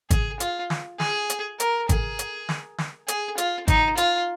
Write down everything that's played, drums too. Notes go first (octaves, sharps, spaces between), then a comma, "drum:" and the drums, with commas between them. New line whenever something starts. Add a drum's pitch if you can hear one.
G#4, drum: kick G#1, hi-hat
F4, drum: hi-hat
drum: snare
G#4, drum: snare
drum: hi-hat
A#4, drum: hi-hat
G#4, drum: kick G#1, hi-hat
drum: hi-hat
drum: snare
drum: snare
G#4, drum: hi-hat
F4, drum: hi-hat
D#4, drum: kick G#1, hi-hat
F4, drum: hi-hat